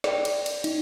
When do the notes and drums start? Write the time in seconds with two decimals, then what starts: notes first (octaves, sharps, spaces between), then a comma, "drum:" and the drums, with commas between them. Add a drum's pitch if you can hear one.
0.04 D5 G5, drum: snare
0.25 drum: cymbal
0.46 drum: cymbal
0.64 D#4, drum: cymbal